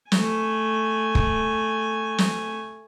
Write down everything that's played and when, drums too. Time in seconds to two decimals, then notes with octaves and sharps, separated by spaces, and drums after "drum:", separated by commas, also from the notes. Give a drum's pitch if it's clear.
0.12 A3 G#5, drum: snare
1.15 drum: kick
2.18 drum: snare